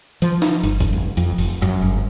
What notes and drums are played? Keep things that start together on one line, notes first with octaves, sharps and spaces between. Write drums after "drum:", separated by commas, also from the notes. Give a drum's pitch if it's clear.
F3, drum: hi-hat
drum: snare
G1, drum: hi-hat
drum: kick, hi-hat
F1
F2, drum: hi-hat
F1, drum: open hi-hat
F#2
G1